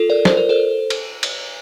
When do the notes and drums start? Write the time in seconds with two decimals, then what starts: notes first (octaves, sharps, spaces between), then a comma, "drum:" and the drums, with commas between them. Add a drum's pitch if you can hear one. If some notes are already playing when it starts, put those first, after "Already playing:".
Already playing: F4 A4
0.10 A#4 D5
0.25 C5, drum: snare
0.37 A#4
0.49 A4 C5
0.90 drum: cymbal
1.23 drum: cymbal